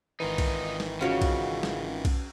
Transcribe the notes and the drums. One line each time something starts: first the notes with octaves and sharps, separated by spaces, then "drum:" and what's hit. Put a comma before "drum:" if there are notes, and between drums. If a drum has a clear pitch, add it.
G#1 D#3 E3 D#4 F4 B4
drum: kick B1, cymbal
drum: snare
C#3 C#4 F4 F#4 C#5 F5 F#5
drum: kick B1, cymbal
drum: snare
drum: kick B1, cymbal